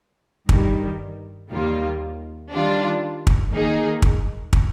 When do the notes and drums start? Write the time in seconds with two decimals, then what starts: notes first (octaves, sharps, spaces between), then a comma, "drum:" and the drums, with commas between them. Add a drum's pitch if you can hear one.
0.49 G2 D#3 G3, drum: kick
1.50 D#2 D#3 G3 A#3 F4
2.52 D#3 G3 D4 F4
3.27 drum: kick
3.51 D#3 A#3 D#4 G#4
4.02 drum: kick
4.53 drum: kick